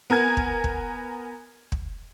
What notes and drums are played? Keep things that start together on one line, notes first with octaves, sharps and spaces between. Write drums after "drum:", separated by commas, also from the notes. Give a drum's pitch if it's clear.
B3 A#4 G#5 G#6
drum: kick
drum: kick
drum: kick